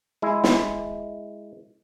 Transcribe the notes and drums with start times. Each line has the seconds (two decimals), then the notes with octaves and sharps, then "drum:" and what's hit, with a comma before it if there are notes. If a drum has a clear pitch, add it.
0.22 G#3 E4
0.44 drum: snare